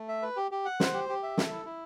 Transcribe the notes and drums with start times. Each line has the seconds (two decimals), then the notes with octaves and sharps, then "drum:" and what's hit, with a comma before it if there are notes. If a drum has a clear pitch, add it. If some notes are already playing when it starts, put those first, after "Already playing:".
Already playing: A3
0.08 E5
0.22 B4
0.36 G4
0.51 G4
0.65 F#5
0.80 C5, drum: snare
0.93 G4
1.09 G4
1.23 E5
1.38 A4, drum: snare
1.51 E4
1.66 E4